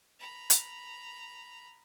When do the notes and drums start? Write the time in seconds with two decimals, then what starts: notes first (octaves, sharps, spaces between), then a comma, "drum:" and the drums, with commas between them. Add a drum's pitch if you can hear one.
0.19 A#5 B5
0.50 drum: hi-hat